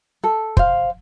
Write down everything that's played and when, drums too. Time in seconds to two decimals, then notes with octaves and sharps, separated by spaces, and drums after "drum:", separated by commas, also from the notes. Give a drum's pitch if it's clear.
0.24 A4
0.57 C5 F5, drum: kick